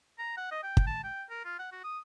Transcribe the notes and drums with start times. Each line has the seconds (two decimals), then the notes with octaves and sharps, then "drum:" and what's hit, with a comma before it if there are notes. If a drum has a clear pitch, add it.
0.18 A#5
0.37 F#5
0.51 D#5
0.63 G5
0.77 drum: kick
0.87 A5
1.04 G5
1.30 A#4
1.44 F4
1.59 F#5
1.72 F#4
1.84 D#6